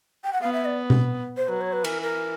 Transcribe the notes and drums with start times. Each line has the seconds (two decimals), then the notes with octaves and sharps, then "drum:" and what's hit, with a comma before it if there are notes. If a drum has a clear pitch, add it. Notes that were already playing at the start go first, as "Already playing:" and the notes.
0.24 G5
0.33 F#5
0.41 B3 F5
0.53 E5
0.65 D5
0.90 drum: tom B2
1.37 C5
1.48 F#3 B4
1.61 C#5
1.73 B4
1.84 E3 A#4, drum: cymbal
2.02 A#4